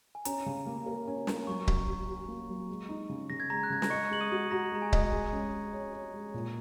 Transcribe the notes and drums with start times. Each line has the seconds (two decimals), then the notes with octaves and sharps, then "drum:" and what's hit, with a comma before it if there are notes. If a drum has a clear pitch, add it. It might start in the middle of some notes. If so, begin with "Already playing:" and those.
0.15 G#5
0.25 C#4 A#5, drum: hi-hat
0.46 C#3
0.66 A#3
0.86 A#4
1.07 C#4
1.27 C#4, drum: snare
1.47 F#3 C#6
1.68 F#4, drum: kick C#1
1.88 F#4
2.09 F#4
2.28 A#3
2.49 F#3
2.69 G#3
2.89 D#4
3.09 C#3
3.30 C#3 A#6
3.40 G#6
3.50 G#3 A#5 A#6
3.63 F#6
3.70 C#3 G#6
3.82 A#6, drum: snare
3.90 D#5 C#6 C#7
4.11 G#3 F#7
4.21 D#6 D#7
4.32 F#4
4.51 F#4 A#5 A#6
4.72 G#3 A#5
4.82 G#5
4.93 D#5, drum: kick C#1
5.12 G#3 G#5
5.32 C#4
5.52 G#3
5.73 C#5
5.93 C#5
6.13 G#3
6.34 A#2